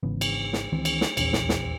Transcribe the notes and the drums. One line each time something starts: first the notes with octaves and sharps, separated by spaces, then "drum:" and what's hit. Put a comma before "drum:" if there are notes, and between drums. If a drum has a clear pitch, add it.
G#1 C#3 E3 B3
drum: cymbal
drum: snare
C#2 D#3 E3 C4
drum: cymbal
drum: snare
D#1 A#1 E2 C#4, drum: cymbal
drum: snare
drum: snare